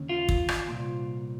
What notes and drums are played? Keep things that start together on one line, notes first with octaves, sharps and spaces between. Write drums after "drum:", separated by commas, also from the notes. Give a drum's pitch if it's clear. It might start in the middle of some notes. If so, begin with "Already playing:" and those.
Already playing: D#2 C#3
F4
drum: kick
drum: rim click
C2 A#2